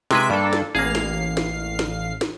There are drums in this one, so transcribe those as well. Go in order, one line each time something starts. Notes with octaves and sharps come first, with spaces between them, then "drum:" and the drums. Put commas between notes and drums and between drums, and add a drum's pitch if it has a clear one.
C3 G#3 B4 E5 B6 D7, drum: snare
G2 A#3 D4 A4
drum: snare
A1 A#3 G#4 F5 C7
drum: snare
drum: snare
drum: snare
drum: snare